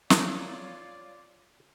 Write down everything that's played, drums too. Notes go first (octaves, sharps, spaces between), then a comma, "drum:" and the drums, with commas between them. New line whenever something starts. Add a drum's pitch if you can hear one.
C#3 E4 F4 B4 C#5 D5, drum: snare